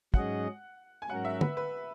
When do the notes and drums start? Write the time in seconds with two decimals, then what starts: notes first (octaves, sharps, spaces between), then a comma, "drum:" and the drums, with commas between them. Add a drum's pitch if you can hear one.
0.14 G#2 F#3 C#4 G#4 D#5 F#5, drum: kick
1.02 G#5
1.10 G#2 F#3 C#4 F#4 A#4 F#5
1.25 E5
1.41 B4, drum: tom D3
1.57 B4